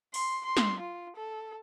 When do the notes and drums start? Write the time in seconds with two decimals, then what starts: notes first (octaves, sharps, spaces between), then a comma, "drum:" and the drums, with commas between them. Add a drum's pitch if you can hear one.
0.14 C6, drum: open hi-hat
0.45 C6
0.57 drum: snare
0.80 F4
1.16 A4